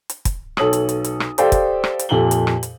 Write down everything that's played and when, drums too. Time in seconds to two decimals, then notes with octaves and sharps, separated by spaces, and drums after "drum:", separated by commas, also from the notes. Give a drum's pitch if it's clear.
0.10 drum: hi-hat
0.25 drum: kick, hi-hat
0.57 B1 A4 C#5 D#6 F#7, drum: rim click
0.73 drum: hi-hat
0.89 drum: hi-hat
1.04 drum: hi-hat
1.20 drum: rim click
1.38 G4 A4 C5 D5 F5 G5, drum: hi-hat
1.52 drum: kick, hi-hat
1.84 drum: rim click
1.99 drum: hi-hat
2.09 F2 A#2 G4 A4 F#7 G7
2.31 drum: hi-hat
2.47 drum: rim click
2.63 drum: hi-hat